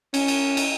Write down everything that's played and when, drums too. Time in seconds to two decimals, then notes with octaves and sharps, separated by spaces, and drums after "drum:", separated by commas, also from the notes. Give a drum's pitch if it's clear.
0.14 C#4, drum: cymbal
0.28 drum: cymbal
0.57 drum: cymbal